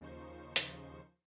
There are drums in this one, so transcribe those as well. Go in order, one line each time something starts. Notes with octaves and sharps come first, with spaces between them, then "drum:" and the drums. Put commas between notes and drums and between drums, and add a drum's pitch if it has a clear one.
D#2 C#3 F3 D#4 C5 C#6
drum: hi-hat